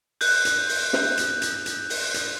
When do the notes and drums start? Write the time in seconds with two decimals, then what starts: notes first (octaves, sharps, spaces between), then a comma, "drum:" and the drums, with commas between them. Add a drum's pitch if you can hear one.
0.21 F#6 G6, drum: open hi-hat
0.45 drum: hi-hat
0.69 drum: open hi-hat
0.93 drum: snare
1.17 drum: hi-hat
1.42 drum: hi-hat
1.66 drum: hi-hat
1.90 drum: open hi-hat
2.14 drum: hi-hat